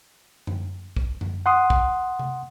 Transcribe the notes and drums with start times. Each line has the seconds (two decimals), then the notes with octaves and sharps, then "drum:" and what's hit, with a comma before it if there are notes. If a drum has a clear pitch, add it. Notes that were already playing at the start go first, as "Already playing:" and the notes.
0.47 drum: tom F#2
0.97 drum: kick
1.21 drum: tom F#2
1.46 F#5 C6 D#6
1.70 drum: kick
2.19 drum: tom C3